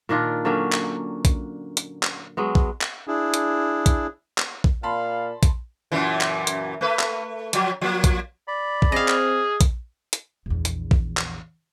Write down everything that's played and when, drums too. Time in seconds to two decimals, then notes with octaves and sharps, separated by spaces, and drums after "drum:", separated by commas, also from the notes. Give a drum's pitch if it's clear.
0.09 A#2 D#3 D4 F4
0.45 D3 F#3 A#3 C#4
0.72 drum: clap
1.25 drum: kick A#1, hi-hat
1.77 drum: hi-hat
2.03 drum: clap
2.37 F#3 G#3 B3
2.55 drum: kick A#1
2.81 drum: clap
3.08 D4 E4 G#4
3.34 drum: hi-hat
3.86 drum: kick A#1, hi-hat
4.38 drum: clap
4.64 drum: kick A#1
4.83 A#2 F5 A5 B5 C6
5.43 drum: kick A#1, hi-hat
5.92 F#2 A#2 E3
6.21 drum: clap
6.47 drum: hi-hat
6.81 A3 B4
6.99 drum: clap
7.53 F3 F#3, drum: hi-hat
7.81 F3 A#3
8.04 drum: kick A#1, hi-hat
8.48 D5 B5
8.82 drum: kick A#1
8.92 C4 G#4 D#5 F5
9.08 drum: clap
9.61 drum: kick A#1, hi-hat
10.13 drum: hi-hat
10.46 A#1 E2
10.65 drum: hi-hat
10.91 drum: kick A#1
11.17 drum: clap